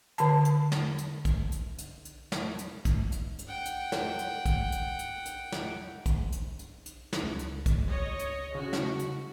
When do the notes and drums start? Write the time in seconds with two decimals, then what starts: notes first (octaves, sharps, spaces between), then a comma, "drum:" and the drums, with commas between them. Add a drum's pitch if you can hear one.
0.18 D3 A5, drum: hi-hat
0.45 drum: hi-hat
0.72 drum: snare
0.98 drum: hi-hat
1.25 drum: kick, hi-hat
1.52 drum: hi-hat
1.78 drum: hi-hat
2.05 drum: hi-hat
2.32 drum: snare
2.59 drum: hi-hat
2.85 drum: kick, hi-hat
3.12 drum: hi-hat
3.39 drum: hi-hat
3.48 F#5 G5
3.65 drum: hi-hat
3.92 drum: snare
4.19 drum: hi-hat
4.46 drum: kick, hi-hat
4.72 drum: hi-hat
4.99 drum: hi-hat
5.26 drum: hi-hat
5.52 drum: snare
6.06 drum: kick, hi-hat
6.32 drum: hi-hat
6.59 drum: hi-hat
6.86 drum: hi-hat
7.13 drum: snare
7.23 C#2
7.39 drum: hi-hat
7.66 drum: kick, hi-hat
7.88 C#5 D#5
8.19 drum: hi-hat
8.55 C#3 F#4
8.73 drum: snare
9.00 drum: hi-hat